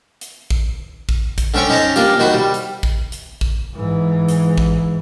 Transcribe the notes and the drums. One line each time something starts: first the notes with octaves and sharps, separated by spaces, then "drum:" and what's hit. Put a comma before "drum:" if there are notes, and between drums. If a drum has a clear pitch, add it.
drum: hi-hat
drum: kick
drum: kick
drum: kick, hi-hat
D3 C#4 C5 G5 C#6
C#4 D#4 C5 A5 A#5
A#3 D4 F4 G4, drum: hi-hat
D#3 F#4 C5 B5
G3
drum: hi-hat
drum: kick
drum: hi-hat
drum: kick
G#2 E3
drum: hi-hat
drum: kick